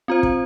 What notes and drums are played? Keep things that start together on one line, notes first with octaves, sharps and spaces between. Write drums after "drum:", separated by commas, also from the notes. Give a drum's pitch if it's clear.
C4 F4 C5
drum: kick